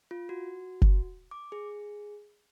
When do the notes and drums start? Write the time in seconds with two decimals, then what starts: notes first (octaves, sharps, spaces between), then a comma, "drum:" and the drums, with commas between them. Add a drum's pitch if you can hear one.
0.11 F4
0.29 F#4
0.82 drum: kick F#1
1.31 D6
1.52 G#4